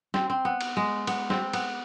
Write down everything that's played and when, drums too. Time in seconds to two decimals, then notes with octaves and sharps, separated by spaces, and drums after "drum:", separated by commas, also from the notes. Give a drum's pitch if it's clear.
0.14 C4, drum: snare
0.30 C4
0.45 B3
0.61 drum: cymbal
0.77 G#3
1.07 B3, drum: cymbal
1.30 C4, drum: snare
1.53 B3, drum: cymbal